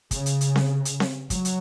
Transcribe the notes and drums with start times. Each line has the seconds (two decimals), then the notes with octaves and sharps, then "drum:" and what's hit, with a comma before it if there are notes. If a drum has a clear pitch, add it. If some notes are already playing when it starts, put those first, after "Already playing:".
0.11 C#3, drum: kick, hi-hat
0.26 drum: hi-hat
0.41 drum: hi-hat
0.56 drum: snare C4
0.85 drum: hi-hat
1.00 drum: snare C4
1.30 F#3, drum: kick, hi-hat
1.45 drum: hi-hat